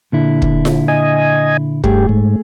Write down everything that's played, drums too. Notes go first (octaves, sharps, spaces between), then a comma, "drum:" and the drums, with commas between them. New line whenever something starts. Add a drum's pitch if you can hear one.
A#2 D3 E4
drum: kick
drum: snare F4
D#5 G#5
G2 A3 G4 G#4, drum: kick
G#2